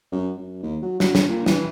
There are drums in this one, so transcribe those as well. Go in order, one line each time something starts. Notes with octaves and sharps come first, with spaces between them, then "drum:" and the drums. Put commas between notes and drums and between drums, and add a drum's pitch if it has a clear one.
F#2
F#2
D#2
F#3
F#3, drum: snare
F2, drum: snare
A#2
E3, drum: snare